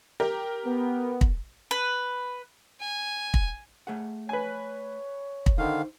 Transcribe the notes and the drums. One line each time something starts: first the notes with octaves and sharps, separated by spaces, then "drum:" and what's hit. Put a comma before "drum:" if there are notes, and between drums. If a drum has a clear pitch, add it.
G4 A#4
B3
drum: kick
B4
G#5
drum: kick
A3 G#4 F#5
B4 C#5 G#5
drum: kick
D3 D#3 D#4 C5 F5